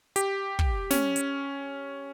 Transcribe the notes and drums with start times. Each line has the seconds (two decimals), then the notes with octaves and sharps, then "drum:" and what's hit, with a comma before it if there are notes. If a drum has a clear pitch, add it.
0.16 G4, drum: hi-hat
0.59 drum: kick
0.91 C#4, drum: snare
1.16 drum: hi-hat